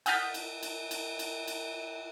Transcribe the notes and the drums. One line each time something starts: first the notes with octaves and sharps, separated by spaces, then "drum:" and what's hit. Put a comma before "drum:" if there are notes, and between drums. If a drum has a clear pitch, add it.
F#5 D#6 F6 G6 A6 B6, drum: cymbal
drum: cymbal
drum: cymbal
drum: cymbal
drum: cymbal
drum: cymbal